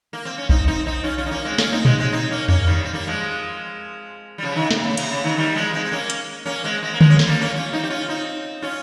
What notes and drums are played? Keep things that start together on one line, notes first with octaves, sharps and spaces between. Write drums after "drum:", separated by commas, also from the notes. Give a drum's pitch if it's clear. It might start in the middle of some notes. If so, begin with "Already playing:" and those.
A#3
C4
C#4
C4 D#4, drum: kick A#1
C4 D#4
C4 D#4
C#4 F4
C#4 F4
D#4
A#3 C#4
G#3 C4
C#4 F4, drum: snare
C4 D#4
G#3 C4, drum: tom A#2
G#3 C4
C4 D#4
A#3 C#4
A#3 C#4, drum: tom E2
D#3 G3
C4
G3 A#3
F3 G#3
G3
C#3 F3
C3 D#3
C3, drum: snare
C#3
C3, drum: cymbal
C#3
C3 D#3
D#3 G3
F3 G#3
G#3 C4
C4
A#3 C#4
drum: hi-hat
A#3 C#4
G#3 C4
G#3 C4
A#3
F3 G#3, drum: tom D3
C#4
C4, drum: snare
G3 A#3
A#3 C#4
C#4 F4
C4 D#4
G4
C#4 F4
C4 D#4
C#4 F4